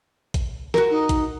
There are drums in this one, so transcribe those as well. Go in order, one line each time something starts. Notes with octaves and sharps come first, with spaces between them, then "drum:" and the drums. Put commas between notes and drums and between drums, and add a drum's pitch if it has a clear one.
drum: kick A#1, hi-hat
F#4 A#4, drum: snare
D#4
drum: kick A#1, hi-hat